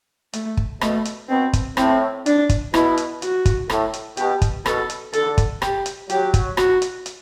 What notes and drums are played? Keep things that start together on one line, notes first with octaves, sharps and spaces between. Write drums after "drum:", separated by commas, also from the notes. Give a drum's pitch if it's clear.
A3, drum: hi-hat
drum: kick
B2 A3, drum: rim click
drum: hi-hat
B2 C4
drum: kick, hi-hat
A2 C4, drum: rim click
D4, drum: hi-hat
drum: kick, hi-hat
B2 E4, drum: rim click
drum: hi-hat
F#4, drum: hi-hat
drum: kick, hi-hat
A2, drum: rim click
drum: hi-hat
B2 G4, drum: hi-hat
drum: kick, hi-hat
B2 A4, drum: rim click
drum: hi-hat
D3 A4, drum: hi-hat
drum: kick, hi-hat
G4, drum: rim click
drum: hi-hat
F#3 G4, drum: hi-hat
drum: kick, hi-hat
F#4, drum: rim click
drum: hi-hat
drum: hi-hat